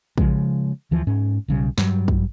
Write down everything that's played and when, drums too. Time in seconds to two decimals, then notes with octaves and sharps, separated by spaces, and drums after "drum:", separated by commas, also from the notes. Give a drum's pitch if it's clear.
0.18 C#3 F3 G#3, drum: kick
0.91 D2 E3 F3
1.07 G#2 C#4
1.48 B1 C#3 G3
1.78 G2 F#3 G3, drum: snare
2.08 drum: kick